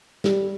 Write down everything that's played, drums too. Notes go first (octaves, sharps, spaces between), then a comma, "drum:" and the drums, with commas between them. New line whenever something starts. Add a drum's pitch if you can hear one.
G3, drum: snare